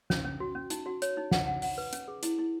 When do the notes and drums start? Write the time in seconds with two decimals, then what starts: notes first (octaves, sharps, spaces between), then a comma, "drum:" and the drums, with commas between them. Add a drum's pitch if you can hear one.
0.10 C#4, drum: snare
0.25 C#4
0.40 F#4
0.55 C#4
0.70 D#4, drum: hi-hat
0.86 F#4
1.02 C#5, drum: hi-hat
1.17 D#4
1.31 F#5, drum: snare
1.47 F#5
1.62 F#5, drum: open hi-hat
1.78 B4
1.93 C#4, drum: hi-hat
2.08 G#4
2.23 E4, drum: hi-hat
2.39 E4